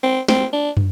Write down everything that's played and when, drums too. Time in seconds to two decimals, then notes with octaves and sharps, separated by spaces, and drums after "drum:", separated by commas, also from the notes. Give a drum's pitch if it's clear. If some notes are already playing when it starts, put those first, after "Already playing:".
0.03 C4
0.28 C4, drum: snare
0.53 D4
0.77 drum: tom